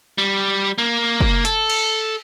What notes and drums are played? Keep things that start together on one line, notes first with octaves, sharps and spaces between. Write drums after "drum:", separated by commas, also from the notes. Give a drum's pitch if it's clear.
G3
A#3
drum: kick
A4, drum: hi-hat
drum: cymbal